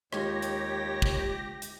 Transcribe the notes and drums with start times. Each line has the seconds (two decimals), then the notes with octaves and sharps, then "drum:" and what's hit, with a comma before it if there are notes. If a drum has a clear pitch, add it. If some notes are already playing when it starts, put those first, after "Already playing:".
0.13 D#2 G#3 F4 G4 C#5 A#6, drum: rim click
0.42 drum: hi-hat
1.02 drum: kick
1.62 drum: hi-hat